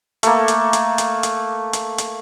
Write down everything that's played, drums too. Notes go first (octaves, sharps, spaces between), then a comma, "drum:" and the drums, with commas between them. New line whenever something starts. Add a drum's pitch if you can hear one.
A3 A#3, drum: hi-hat
drum: hi-hat
drum: hi-hat
drum: hi-hat
drum: hi-hat
drum: hi-hat
drum: hi-hat